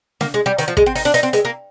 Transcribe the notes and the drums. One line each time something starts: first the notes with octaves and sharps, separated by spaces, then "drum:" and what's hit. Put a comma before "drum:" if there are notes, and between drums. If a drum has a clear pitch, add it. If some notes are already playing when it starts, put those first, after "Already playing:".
A#3, drum: snare
G#3
G3
D#3, drum: hi-hat
F3
G#3, drum: kick
C4
D#4, drum: open hi-hat
D4
D#4, drum: hi-hat
C4
G#3, drum: hi-hat
A#3